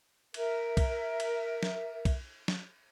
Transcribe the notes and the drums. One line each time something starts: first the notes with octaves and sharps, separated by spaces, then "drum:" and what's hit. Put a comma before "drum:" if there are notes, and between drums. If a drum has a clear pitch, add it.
A#4 E5, drum: cymbal
drum: kick B1, cymbal
drum: cymbal
drum: snare
drum: kick B1, cymbal
drum: snare